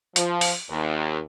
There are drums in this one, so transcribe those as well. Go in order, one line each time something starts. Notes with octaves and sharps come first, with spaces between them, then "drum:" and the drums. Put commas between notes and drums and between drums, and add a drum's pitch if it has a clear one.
F3, drum: hi-hat
drum: open hi-hat
D#2